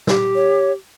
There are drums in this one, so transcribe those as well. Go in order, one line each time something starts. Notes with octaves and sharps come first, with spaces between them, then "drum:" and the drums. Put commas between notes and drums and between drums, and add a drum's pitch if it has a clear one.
G4, drum: snare
C#5